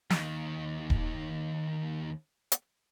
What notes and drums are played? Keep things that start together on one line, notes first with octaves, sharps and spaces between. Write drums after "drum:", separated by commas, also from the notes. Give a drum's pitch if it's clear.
D#2 D#3, drum: snare
drum: kick D#1
drum: hi-hat